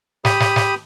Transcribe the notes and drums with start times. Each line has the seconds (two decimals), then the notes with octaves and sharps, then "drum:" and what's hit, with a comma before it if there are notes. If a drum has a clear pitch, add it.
0.25 G4 B5 D#6, drum: snare
0.40 drum: snare
0.56 drum: snare